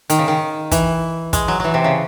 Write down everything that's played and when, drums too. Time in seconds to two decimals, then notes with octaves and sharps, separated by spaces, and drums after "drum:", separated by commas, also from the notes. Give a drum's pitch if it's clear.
0.10 D#3, drum: hi-hat
0.19 C#3
0.28 D#3
0.71 E3, drum: kick, hi-hat
1.33 G#3, drum: kick, hi-hat
1.48 F#3
1.60 E3 F#3
1.74 C3
1.84 C#3